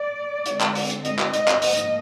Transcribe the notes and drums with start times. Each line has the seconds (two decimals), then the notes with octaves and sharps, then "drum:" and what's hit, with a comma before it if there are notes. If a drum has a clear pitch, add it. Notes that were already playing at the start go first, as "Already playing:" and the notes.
Already playing: D5
0.46 D3 G#3 C4, drum: hi-hat
0.61 drum: clap
0.75 drum: open hi-hat
0.90 drum: hi-hat
1.05 D#5, drum: hi-hat
1.19 drum: clap
1.34 D#5, drum: hi-hat
1.48 drum: clap
1.62 G#2 F3 A#3 D#5, drum: open hi-hat
1.77 drum: hi-hat